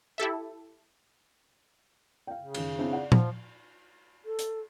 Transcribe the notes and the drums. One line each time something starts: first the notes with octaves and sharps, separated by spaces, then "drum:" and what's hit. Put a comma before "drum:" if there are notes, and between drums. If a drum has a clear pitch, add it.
E4 G4 A4 E5
F5 G5
C#3
F#2 D#3, drum: cymbal
C4 D4 E4
D5 F#5
F3, drum: tom A#2
A4
drum: hi-hat